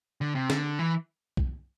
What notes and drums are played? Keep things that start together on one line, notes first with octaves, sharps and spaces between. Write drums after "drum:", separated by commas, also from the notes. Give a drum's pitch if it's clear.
D3
C3
D3, drum: snare
E3
drum: kick